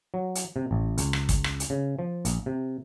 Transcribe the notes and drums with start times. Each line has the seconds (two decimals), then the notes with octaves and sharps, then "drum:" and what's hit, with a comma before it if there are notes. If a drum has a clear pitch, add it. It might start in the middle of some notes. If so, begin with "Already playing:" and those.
0.14 F#3
0.35 drum: hi-hat
0.56 C3
0.71 A1
0.98 C#2, drum: hi-hat
1.13 drum: rim click
1.29 drum: kick, hi-hat
1.44 drum: rim click
1.60 drum: hi-hat
1.70 C#3
1.99 F3
2.25 A#1, drum: hi-hat
2.46 C3